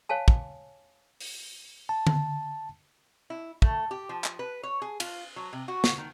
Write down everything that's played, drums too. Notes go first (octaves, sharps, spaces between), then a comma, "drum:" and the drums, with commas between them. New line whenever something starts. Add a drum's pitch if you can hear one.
C#5 F5 G#5 A5
drum: kick
drum: open hi-hat
A5
drum: tom D3
E4
A3, drum: kick
G4
F3
drum: clap
B4
C#5
G#4
F4, drum: cymbal
F#3
C3
F#4
drum: snare
D#3